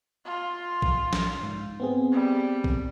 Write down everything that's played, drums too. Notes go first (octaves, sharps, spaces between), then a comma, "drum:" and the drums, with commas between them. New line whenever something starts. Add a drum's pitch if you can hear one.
F4
drum: kick
drum: snare
G#2
B3 C4 G#4
G3
drum: kick